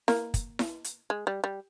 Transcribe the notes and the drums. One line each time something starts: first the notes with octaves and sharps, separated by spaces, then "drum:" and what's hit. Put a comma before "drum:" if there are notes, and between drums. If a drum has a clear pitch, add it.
A#3, drum: snare E4
drum: kick, hi-hat
drum: snare E4
drum: hi-hat
G#3
G3
G3